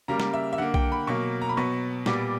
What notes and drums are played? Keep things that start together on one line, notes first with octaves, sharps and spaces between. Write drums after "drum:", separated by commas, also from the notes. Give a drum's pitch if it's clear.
C#3 G3 A#3 A#5
drum: snare
E5
E5
D3 A#3 F#5
G5, drum: kick B1
B5
B2 F#3 A#3 C#6
A#5
B5
B2 F#3 B3 C#6
A#2 G3 B3 D6, drum: snare